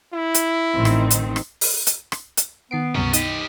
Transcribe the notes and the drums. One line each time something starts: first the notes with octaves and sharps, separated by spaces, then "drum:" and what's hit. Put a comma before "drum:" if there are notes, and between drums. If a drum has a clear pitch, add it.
E4
drum: hi-hat
A1 D#3 C4
drum: rim click
drum: hi-hat
drum: rim click
drum: open hi-hat
drum: hi-hat
drum: rim click
drum: hi-hat
D#3 B3 C7 D7
C#2 G2 C3 F#3 C#4
D#4 G4 D#5, drum: hi-hat